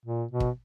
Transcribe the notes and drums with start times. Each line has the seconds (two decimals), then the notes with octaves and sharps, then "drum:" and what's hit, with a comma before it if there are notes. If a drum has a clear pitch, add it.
0.05 A#2
0.31 B2
0.40 drum: kick